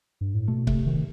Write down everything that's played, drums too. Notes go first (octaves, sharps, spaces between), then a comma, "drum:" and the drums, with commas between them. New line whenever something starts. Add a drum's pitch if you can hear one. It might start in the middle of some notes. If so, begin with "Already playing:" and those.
G2
A2
B2 A3
C3 A3, drum: kick C#1
C3 D#3